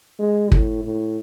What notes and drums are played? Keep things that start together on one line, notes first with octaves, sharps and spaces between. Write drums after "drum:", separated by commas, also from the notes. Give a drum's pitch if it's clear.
G#3
A2, drum: kick
A2